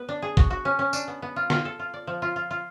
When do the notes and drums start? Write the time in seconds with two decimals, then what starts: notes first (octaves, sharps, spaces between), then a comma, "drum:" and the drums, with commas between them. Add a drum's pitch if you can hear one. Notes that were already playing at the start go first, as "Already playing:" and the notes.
Already playing: B3 B4
0.09 D4
0.22 G#4
0.37 F#4, drum: kick
0.50 F#4
0.65 C#4
0.79 C#4
0.93 D4, drum: tambourine
1.08 B3
1.22 B3
1.36 F4
1.50 F4, drum: snare
1.65 A4
1.79 F4
1.94 D5
2.07 F3
2.22 F4
2.36 F4
2.51 F4